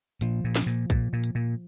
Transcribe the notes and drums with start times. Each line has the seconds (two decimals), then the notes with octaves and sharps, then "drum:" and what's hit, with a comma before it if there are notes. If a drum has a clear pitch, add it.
0.21 A#2 F3, drum: hi-hat
0.44 A#2
0.56 drum: snare
0.66 A#2
0.90 A#2, drum: kick, hi-hat
1.13 A#2
1.24 drum: hi-hat
1.35 A#2